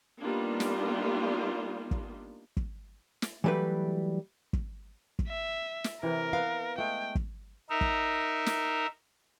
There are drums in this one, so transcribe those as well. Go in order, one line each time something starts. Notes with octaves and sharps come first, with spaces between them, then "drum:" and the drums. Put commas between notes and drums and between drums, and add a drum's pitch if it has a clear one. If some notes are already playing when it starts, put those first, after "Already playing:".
G3 A#3 B3 D4 D#4 F4
drum: snare
drum: kick
drum: kick
drum: snare
E3 F#3 G3 A3 B4
drum: kick
drum: kick
E5
drum: snare
C3 E3 A#4
B3 F5
G#3 A3 G5
drum: kick
D#4 A#4 E5
drum: kick
drum: snare